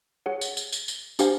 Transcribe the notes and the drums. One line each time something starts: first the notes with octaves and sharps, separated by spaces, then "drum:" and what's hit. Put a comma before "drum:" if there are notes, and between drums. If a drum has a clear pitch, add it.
G#4 C#5 F#5
drum: tambourine
drum: tambourine
drum: tambourine
drum: tambourine
D4 G4 C5 F5 G#5, drum: tambourine